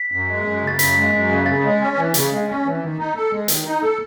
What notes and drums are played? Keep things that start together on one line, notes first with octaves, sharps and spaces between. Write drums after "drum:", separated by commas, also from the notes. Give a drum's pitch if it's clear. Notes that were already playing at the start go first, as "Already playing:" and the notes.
Already playing: B6
F#2
G#3
F#2
C#3
A6
F#2 B6, drum: hi-hat
G#3
F#2
C#3
C#3 A6
G#3
C#4
E3
C#3, drum: hi-hat
G#3
C#4
E3
D#3
D#4
A4
G#3
D#3, drum: hi-hat
D#4
A4